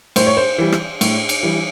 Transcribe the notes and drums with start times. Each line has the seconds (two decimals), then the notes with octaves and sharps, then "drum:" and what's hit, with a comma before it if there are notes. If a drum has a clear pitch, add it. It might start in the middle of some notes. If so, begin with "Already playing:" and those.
0.16 A2 C5, drum: cymbal
0.27 C#5
0.37 C5
0.58 E3 G3
0.72 drum: rim click
1.01 A2, drum: cymbal
1.29 drum: cymbal
1.43 E3 G3